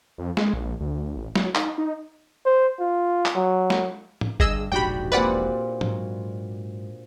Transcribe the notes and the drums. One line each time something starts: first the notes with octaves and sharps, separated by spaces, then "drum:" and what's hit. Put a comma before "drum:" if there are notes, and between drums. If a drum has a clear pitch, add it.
F2
G#3, drum: snare
A#1
D2
A1
F#3, drum: snare
D#4, drum: clap
D#4
C5
F4
drum: clap
F#3
drum: snare
drum: tom
G1 G2 G#4 D#5 E6, drum: kick G1
E1 A#1 G#2 D4 F#4 G4 G5 B5
A#2 C4 F4 B4 D5 F#5
G#2 F#3, drum: tom